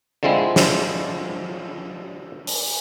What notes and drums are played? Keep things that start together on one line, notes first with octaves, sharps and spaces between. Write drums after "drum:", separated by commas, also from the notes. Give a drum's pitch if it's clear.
D3 F3 G#3 C4 E4
drum: snare
drum: open hi-hat